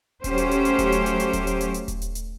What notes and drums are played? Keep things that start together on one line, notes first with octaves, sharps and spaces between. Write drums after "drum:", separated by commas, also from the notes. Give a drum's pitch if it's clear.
F#3 A3 C#4 G4 C5, drum: kick D#1, hi-hat
drum: hi-hat
drum: hi-hat
drum: hi-hat
drum: kick D#1, hi-hat
drum: hi-hat
drum: hi-hat
drum: hi-hat
drum: kick D#1, hi-hat
drum: hi-hat
drum: hi-hat
drum: hi-hat
drum: kick D#1, hi-hat
drum: hi-hat
drum: hi-hat